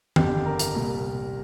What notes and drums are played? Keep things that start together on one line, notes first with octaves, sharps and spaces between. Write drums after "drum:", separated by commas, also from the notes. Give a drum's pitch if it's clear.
G1 F2 D3 G4, drum: tom D#3
A#4
drum: hi-hat
C2 A#2 G3